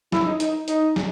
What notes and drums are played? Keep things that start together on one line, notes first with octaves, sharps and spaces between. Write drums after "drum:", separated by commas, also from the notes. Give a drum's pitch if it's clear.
E4, drum: snare
D#4
D#4, drum: hi-hat
D#4, drum: hi-hat
drum: snare